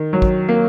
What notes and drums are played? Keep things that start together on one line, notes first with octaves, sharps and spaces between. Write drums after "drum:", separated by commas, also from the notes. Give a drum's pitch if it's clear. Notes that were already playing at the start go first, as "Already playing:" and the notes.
Already playing: D#3
F#3
drum: kick
A#3